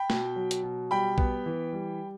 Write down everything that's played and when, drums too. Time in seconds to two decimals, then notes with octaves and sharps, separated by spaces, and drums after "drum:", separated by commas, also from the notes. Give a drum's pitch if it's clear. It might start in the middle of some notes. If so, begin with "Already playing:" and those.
Already playing: G5 B5
0.10 B2, drum: snare
0.36 F#3
0.51 drum: hi-hat
0.63 B2
0.91 G3 G5 B5
1.18 B3, drum: kick
1.46 E3
1.73 G3